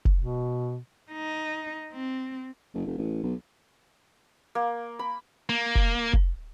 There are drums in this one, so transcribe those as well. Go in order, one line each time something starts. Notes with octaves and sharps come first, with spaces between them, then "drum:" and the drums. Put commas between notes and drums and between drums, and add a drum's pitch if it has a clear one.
drum: kick F1
B2
D#4
C4
F#1
F1
A1
B1
A#3
B5
A#3
drum: kick F1
drum: kick F1